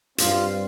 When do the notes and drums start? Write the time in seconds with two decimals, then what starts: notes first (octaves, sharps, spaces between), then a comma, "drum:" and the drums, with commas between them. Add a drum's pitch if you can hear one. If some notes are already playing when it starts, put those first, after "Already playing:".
0.18 G2 G3 C4 F4, drum: hi-hat